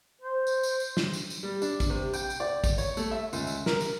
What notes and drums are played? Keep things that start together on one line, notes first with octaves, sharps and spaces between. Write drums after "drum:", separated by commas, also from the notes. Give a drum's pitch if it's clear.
C5
drum: tambourine
drum: tambourine
drum: tambourine
drum: snare
drum: tambourine
drum: tambourine
G3
D4, drum: tambourine
drum: kick, tambourine
C3
G5, drum: tambourine
drum: tambourine
D5
drum: kick, tambourine
C#5, drum: tambourine
A3, drum: tambourine
E5
C#2, drum: tambourine
drum: tambourine
A#4, drum: snare
drum: tambourine